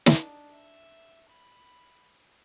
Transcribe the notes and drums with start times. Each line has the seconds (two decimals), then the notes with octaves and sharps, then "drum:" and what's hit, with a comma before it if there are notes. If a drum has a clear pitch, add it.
0.06 drum: snare
0.16 D4 D#4
0.51 E5
1.28 B5